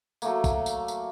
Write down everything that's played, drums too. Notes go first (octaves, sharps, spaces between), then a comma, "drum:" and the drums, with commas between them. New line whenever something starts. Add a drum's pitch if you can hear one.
F#3 A3 A#3, drum: tambourine
drum: kick, tambourine
drum: tambourine
drum: tambourine